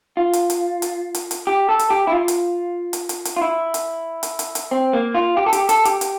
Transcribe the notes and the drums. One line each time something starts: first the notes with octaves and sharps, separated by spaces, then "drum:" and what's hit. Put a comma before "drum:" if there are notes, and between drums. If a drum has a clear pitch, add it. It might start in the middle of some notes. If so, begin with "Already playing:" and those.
F4
drum: hi-hat
drum: hi-hat
drum: hi-hat
drum: hi-hat
drum: hi-hat
G4
A4
drum: hi-hat
G4
E4
F4
drum: hi-hat
drum: hi-hat
drum: hi-hat
drum: hi-hat
F4
E4
drum: hi-hat
drum: hi-hat
drum: hi-hat
drum: hi-hat
C4
A#3
F4
G4
A4
G4, drum: hi-hat
A4, drum: hi-hat
G4, drum: hi-hat
drum: hi-hat